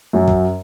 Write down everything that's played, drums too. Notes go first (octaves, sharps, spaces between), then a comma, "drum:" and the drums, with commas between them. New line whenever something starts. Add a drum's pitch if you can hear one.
F#2 F#3
drum: kick